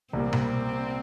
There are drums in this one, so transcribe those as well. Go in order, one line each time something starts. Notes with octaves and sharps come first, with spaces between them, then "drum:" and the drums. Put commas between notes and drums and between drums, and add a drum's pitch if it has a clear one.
C2 A#2 G3 A#3 C4
drum: tom B2